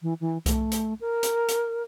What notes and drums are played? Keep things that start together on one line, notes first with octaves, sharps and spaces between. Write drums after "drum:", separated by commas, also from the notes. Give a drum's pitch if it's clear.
E3
E3
A3, drum: kick C2, hi-hat
drum: hi-hat
A#4
drum: hi-hat
drum: hi-hat